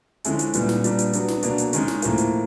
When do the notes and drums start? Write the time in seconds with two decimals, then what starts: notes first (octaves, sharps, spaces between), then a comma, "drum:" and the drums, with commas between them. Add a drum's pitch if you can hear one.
0.24 D3 F3 G#3 C#4 E4, drum: hi-hat
0.39 drum: hi-hat
0.54 A#2 G3 B3, drum: hi-hat
0.69 drum: snare
0.84 A#2 G3 B3 D4, drum: hi-hat
0.99 drum: hi-hat
1.13 F#3 B3 D4, drum: hi-hat
1.28 drum: snare
1.43 B2 F#3 A#3 D4, drum: hi-hat
1.58 drum: hi-hat
1.73 D#3 G#3 C#4, drum: hi-hat
1.88 drum: snare
2.02 A2 F3 A#3, drum: hi-hat
2.18 drum: hi-hat